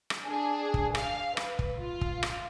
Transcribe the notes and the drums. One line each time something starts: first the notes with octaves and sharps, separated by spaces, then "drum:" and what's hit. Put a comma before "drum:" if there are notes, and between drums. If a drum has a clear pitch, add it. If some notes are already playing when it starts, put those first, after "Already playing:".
drum: rim click
D4 G#4
drum: kick
F5, drum: rim click
B4, drum: rim click
drum: kick
F4
drum: kick
drum: rim click